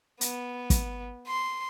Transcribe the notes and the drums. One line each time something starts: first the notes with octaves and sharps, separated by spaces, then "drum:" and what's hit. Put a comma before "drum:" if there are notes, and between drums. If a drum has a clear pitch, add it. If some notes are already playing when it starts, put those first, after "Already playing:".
B3, drum: hi-hat
drum: kick, hi-hat
C6